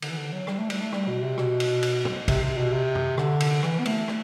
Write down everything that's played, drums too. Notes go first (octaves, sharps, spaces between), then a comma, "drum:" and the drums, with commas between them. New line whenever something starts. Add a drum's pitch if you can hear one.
D3, drum: cymbal
E3
D3
F#3
G3, drum: rim click
A3
G3, drum: cymbal
A3
G3, drum: rim click
B2
C3
B2, drum: rim click
drum: cymbal
drum: cymbal
drum: tom
C3, drum: kick, cymbal
C3
B2
C3
drum: tom F#2
D3, drum: rim click
drum: cymbal
E3, drum: rim click
B3
A3, drum: cymbal
drum: rim click